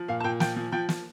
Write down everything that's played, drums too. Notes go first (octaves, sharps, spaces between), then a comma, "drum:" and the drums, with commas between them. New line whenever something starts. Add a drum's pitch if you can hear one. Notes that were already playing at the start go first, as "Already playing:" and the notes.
Already playing: F3
A#2 F5
A5
A#2 G5
F3 G5, drum: snare
F3
F3 G5
F3, drum: snare